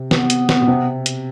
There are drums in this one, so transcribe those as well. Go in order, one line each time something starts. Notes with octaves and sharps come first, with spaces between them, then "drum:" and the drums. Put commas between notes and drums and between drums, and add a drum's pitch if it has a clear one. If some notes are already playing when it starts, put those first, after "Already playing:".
Already playing: C3
B3, drum: snare
drum: hi-hat
drum: snare
B2
C3
drum: hi-hat